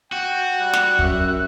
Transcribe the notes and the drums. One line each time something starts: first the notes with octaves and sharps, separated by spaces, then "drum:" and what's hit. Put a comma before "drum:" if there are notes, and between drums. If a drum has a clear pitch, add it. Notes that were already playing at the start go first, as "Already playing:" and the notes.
F#4 G5
G3 F#6
drum: snare
F#2 E5, drum: kick